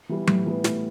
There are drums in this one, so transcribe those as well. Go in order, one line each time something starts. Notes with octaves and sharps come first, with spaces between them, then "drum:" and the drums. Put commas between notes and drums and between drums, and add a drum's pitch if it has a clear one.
E3 G3 B3
A2, drum: tom F#3
E3 G3 B3
A2, drum: snare